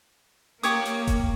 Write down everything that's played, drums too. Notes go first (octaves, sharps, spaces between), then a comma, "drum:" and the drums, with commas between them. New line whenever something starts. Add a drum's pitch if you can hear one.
A#3 G4 C#5 D#6, drum: hi-hat
drum: hi-hat
drum: kick E1, hi-hat